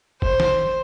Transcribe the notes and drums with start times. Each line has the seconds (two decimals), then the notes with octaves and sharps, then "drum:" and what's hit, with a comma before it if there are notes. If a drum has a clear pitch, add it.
0.22 C5, drum: kick F#1
0.40 drum: snare